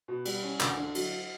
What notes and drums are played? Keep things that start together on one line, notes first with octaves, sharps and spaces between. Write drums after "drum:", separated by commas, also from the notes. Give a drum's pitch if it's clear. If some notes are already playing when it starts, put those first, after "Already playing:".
B2
G3, drum: cymbal
C#4
D2, drum: clap
D3
F#3, drum: cymbal